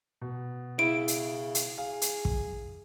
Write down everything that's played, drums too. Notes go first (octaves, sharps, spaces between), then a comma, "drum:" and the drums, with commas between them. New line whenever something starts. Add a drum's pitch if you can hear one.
B2
C#3 E4 D7
drum: hi-hat
drum: hi-hat
G#4 F5
drum: hi-hat
drum: kick